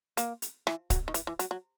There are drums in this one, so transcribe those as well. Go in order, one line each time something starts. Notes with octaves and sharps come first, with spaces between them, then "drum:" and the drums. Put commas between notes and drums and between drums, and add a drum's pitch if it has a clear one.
A#3, drum: hi-hat
drum: hi-hat
E3, drum: rim click
F#3, drum: kick C#1, hi-hat
D#3
E3, drum: hi-hat
E3
F#3, drum: hi-hat
F#3